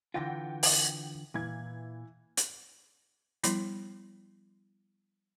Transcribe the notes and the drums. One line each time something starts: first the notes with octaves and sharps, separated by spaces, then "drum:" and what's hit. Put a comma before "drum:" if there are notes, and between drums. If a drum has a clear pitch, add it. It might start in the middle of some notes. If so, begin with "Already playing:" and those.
D3 E3 F4 F#5 G5 A#6
drum: open hi-hat
A#2 E3 G#6
drum: hi-hat
F3 G3 B3 E4, drum: hi-hat